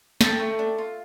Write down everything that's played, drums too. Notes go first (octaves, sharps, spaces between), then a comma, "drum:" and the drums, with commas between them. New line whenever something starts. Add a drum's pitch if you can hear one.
A3 G5 A5, drum: snare
A3
D4
F4